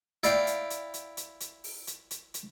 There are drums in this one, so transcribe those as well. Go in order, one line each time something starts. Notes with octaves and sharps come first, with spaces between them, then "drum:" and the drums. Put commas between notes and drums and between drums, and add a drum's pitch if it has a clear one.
E4 D5 F5 G5, drum: hi-hat
drum: hi-hat
drum: hi-hat
drum: hi-hat
drum: hi-hat
drum: hi-hat
drum: open hi-hat
drum: hi-hat
drum: hi-hat
drum: hi-hat